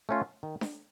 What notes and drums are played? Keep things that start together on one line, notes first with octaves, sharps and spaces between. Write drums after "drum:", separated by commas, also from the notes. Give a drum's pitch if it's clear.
A3 C#4 F4
D#3
drum: snare D4